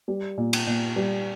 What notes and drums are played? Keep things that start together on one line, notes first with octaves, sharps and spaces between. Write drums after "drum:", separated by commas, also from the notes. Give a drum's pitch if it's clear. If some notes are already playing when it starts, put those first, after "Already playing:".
G3
A#2
drum: cymbal
A#2
G3